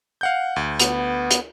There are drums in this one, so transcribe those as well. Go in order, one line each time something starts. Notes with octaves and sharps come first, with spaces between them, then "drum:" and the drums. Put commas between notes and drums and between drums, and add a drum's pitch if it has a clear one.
F5 F#5 G6
D2
B3, drum: hi-hat
drum: hi-hat